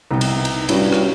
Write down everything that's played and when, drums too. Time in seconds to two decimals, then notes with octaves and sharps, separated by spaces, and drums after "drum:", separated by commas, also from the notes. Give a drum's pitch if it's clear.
0.11 C2 C3 B3 D#4
0.21 drum: cymbal
0.45 drum: cymbal
0.69 G2 C#4 E4 F#4, drum: cymbal
0.93 drum: rim click